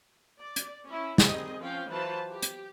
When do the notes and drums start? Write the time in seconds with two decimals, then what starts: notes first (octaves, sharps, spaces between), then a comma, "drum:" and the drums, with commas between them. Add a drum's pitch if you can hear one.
0.42 D5
0.56 drum: hi-hat
0.87 C#4 E4
1.18 D#3 G3 C4 G#4 D#5, drum: snare
1.59 F3 C4 C#4 F5 G5
1.88 E3 F#3 F4 B4 C5 A5
2.30 G4
2.42 drum: hi-hat